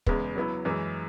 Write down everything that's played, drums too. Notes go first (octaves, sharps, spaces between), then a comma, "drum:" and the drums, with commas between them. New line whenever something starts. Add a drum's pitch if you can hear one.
E2 C#3 G#3 B3, drum: kick
F#3 B3 E4
F#2 E3 G#3